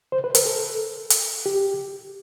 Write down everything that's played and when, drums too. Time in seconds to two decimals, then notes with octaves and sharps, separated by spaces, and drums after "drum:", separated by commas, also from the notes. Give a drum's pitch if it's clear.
0.12 C5
0.24 B4
0.35 A#4, drum: hi-hat
0.45 A4
1.10 drum: hi-hat
1.46 G4